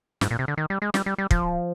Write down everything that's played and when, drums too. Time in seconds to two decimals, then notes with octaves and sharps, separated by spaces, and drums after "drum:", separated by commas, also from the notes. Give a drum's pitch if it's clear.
0.21 G#2, drum: snare
0.31 A#2
0.39 C3
0.48 D3
0.58 D#3
0.70 G3
0.82 G#3
0.94 G3, drum: snare
1.06 G3
1.18 G3
1.31 F3, drum: kick